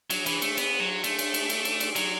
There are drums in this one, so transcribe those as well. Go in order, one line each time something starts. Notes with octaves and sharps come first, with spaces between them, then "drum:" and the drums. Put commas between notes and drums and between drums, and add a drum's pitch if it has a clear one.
F#3, drum: cymbal
E3, drum: cymbal
A3, drum: cymbal
B3, drum: cymbal
F#3
A3, drum: cymbal
drum: cymbal
drum: cymbal
drum: cymbal
drum: cymbal
drum: cymbal
F#3, drum: cymbal